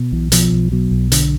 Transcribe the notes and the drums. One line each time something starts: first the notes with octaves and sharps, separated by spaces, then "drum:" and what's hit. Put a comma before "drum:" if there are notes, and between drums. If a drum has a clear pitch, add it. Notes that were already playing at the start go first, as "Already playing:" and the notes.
Already playing: B2
B1 E3
B2 F3, drum: hi-hat
B1
B2 F#3
B1
D3, drum: hi-hat